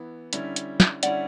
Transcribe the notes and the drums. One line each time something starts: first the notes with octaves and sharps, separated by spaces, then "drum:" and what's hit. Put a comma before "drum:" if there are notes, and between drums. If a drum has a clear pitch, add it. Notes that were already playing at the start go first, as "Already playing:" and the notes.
Already playing: E3 B3 E4
D3 G3 C#4 E4, drum: hi-hat
drum: hi-hat
drum: snare
D3 G3 C#4 E4 D5 F#5, drum: hi-hat